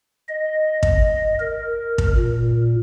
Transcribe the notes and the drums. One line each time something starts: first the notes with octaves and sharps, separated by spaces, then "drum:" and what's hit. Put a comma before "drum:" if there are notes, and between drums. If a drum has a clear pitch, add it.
D#5
drum: kick
A#4
drum: kick
A#2